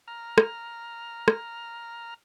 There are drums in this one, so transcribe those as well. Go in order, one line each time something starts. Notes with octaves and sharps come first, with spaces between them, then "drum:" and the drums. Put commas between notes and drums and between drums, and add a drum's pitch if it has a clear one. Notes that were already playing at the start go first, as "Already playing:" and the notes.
A#5 F6
drum: rim click
drum: rim click